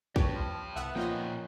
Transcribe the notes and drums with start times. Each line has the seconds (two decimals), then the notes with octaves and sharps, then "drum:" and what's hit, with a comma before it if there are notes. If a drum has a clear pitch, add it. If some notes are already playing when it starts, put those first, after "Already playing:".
0.16 G4 B4 C#5 G5 A5, drum: kick
0.35 F3
0.75 C2 B3 E5 F#5
0.96 A#2 F3 A#3 C#4 D#4 F4 D#5 G5